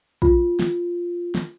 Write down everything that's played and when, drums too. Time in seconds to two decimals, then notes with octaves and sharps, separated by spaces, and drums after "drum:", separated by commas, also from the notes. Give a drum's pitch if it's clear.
0.22 F4, drum: kick
0.59 drum: snare
1.35 drum: snare